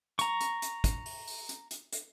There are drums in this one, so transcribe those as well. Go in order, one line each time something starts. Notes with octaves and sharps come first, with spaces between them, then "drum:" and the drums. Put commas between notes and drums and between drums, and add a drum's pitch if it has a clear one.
A#5 C#6, drum: hi-hat
drum: hi-hat
drum: hi-hat
drum: kick, hi-hat
drum: open hi-hat
drum: open hi-hat
drum: hi-hat
drum: hi-hat
drum: hi-hat